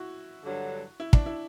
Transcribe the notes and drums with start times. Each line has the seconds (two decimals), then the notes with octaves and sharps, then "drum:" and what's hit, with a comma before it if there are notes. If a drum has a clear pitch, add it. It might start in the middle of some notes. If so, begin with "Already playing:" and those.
Already playing: E4 F#4
0.43 G2 D3 F#3
1.00 E4
1.13 D4, drum: kick
1.26 E4